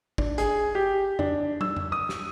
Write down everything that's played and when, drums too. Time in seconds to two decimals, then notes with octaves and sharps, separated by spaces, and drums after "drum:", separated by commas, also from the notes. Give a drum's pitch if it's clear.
0.18 D4, drum: kick G1
0.38 G#4, drum: hi-hat
0.75 G4
1.19 D4, drum: tom F2
1.61 E6, drum: tom
1.77 drum: tom F2
1.92 D#6
2.09 drum: snare